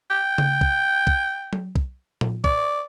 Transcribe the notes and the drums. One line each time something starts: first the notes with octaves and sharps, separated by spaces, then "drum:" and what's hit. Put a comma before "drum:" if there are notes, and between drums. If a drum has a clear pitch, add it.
G5
drum: tom C#3
drum: kick
drum: kick
drum: tom F#3
drum: kick
drum: tom A#2
D5, drum: kick